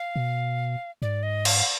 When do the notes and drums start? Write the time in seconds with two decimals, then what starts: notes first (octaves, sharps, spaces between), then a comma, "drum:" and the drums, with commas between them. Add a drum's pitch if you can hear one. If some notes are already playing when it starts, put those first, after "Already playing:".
Already playing: F5
0.16 B2
1.02 G#2 D5
1.23 D#5
1.45 F5, drum: cymbal